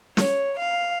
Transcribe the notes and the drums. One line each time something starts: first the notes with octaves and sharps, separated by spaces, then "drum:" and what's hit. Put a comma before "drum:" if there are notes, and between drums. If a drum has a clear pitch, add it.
C#5, drum: snare
F5